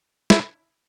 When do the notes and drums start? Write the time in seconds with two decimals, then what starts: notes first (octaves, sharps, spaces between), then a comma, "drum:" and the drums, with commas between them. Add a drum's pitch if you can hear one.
0.30 E4, drum: snare